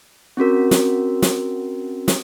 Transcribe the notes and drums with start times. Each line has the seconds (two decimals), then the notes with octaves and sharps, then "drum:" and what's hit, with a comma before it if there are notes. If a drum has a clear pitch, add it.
0.37 C4 C#4 F#4 A#4
0.71 drum: snare
1.22 drum: snare
2.08 drum: snare